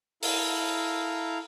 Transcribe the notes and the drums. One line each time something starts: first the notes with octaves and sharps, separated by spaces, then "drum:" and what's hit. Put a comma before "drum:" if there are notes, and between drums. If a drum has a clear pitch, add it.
E4 A4 F5 A#5, drum: open hi-hat